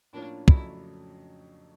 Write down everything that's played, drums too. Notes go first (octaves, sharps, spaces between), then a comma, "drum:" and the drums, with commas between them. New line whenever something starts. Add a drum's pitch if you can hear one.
A2 F3 A#3 C#4 D4 F4
F2 C#3 F#3 A3 D4 E4, drum: kick